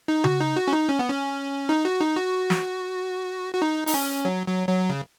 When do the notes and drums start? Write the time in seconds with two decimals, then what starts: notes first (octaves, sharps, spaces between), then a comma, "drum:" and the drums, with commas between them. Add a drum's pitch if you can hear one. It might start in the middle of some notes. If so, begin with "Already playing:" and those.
0.08 D#4
0.24 F#4, drum: tom C#3
0.40 D#4
0.56 F#4
0.68 C#4
0.73 D#4
0.89 C#4
0.99 B3
1.10 C#4
1.69 D#4
1.85 F#4
2.01 D#4
2.16 F#4
2.50 drum: snare
3.54 F#4
3.62 D#4
3.87 D#4, drum: open hi-hat
3.94 C#4
4.25 F#3
4.47 F#3
4.68 F#3
4.90 C#3